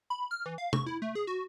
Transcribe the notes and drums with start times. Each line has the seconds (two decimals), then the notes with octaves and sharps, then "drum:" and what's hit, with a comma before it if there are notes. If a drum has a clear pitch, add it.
0.10 B5
0.31 F6
0.46 E3
0.58 F5
0.73 C#6, drum: tom
0.86 E4
1.02 A3
1.15 G#4
1.27 F#4